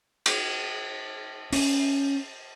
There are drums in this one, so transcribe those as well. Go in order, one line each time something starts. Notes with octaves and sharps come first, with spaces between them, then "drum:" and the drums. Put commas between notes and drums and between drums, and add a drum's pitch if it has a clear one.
drum: cymbal
C#4, drum: open hi-hat